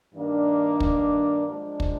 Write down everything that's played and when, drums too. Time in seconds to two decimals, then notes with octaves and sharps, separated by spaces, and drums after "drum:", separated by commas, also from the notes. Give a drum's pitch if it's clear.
0.14 G2 D#3 A#3 D4
0.80 drum: kick
1.47 G#2 F3 G#3 D4
1.80 drum: kick